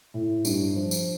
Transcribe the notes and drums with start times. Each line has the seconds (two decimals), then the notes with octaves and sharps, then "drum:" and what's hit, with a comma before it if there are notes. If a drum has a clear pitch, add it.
0.14 A2
0.45 G2, drum: tambourine
0.76 F3
0.91 drum: tambourine